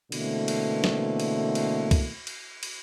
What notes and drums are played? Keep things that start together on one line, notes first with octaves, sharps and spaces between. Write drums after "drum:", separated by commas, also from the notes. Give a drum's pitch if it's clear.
B2 D3 E3 A3 A#3 C4, drum: cymbal
drum: cymbal
drum: snare
drum: cymbal
drum: cymbal
drum: kick C2, cymbal
drum: cymbal
drum: cymbal